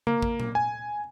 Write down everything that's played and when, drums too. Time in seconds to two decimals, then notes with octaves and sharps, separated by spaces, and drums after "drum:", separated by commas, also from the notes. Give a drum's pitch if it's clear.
0.07 A#3, drum: tom C#3
0.22 drum: kick A1
0.40 drum: tom A#2
0.55 G#5